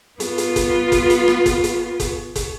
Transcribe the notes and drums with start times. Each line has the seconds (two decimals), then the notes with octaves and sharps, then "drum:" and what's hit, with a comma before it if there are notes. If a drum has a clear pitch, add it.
0.20 B3 F4, drum: hi-hat
0.38 drum: hi-hat
0.56 drum: kick F#1, hi-hat
0.92 drum: kick F#1, hi-hat
1.10 drum: hi-hat
1.28 drum: rim click
1.46 drum: kick F#1, hi-hat
1.64 drum: hi-hat
2.00 drum: kick F#1, hi-hat
2.36 drum: kick F#1, hi-hat